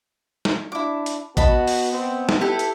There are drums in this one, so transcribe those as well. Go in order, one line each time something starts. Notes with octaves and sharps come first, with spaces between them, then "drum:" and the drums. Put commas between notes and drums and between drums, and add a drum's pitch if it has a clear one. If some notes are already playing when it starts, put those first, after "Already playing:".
drum: snare
D4 E4 D6
drum: hi-hat
B3 F#4 D#5 A5 B5, drum: kick A1, hi-hat
drum: open hi-hat
C4
drum: snare
E4 G4 A4 B4
drum: hi-hat